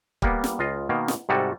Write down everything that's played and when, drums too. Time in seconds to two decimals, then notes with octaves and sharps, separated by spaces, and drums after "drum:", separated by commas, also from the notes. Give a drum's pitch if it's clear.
0.22 G3 A#3 B3, drum: kick
0.44 drum: snare
0.59 C#2 F4 D#5
0.89 B2 D#3 A#3
1.08 drum: snare
1.29 G#2 C3 G3 F#4 A4 G#5